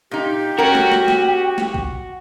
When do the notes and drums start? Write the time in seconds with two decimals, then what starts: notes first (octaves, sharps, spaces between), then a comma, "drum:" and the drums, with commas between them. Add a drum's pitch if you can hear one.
0.11 A#2 D#4 G4
0.58 C#4 F#4 A#4 G5
0.75 drum: snare
0.92 drum: snare
1.08 drum: snare
1.58 drum: snare
1.74 drum: kick B1